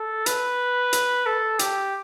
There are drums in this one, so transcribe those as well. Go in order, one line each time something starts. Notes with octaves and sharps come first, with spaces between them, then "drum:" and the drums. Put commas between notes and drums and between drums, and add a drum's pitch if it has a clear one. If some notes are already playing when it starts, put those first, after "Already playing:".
Already playing: A4
B4, drum: hi-hat
drum: hi-hat
A4
G4, drum: hi-hat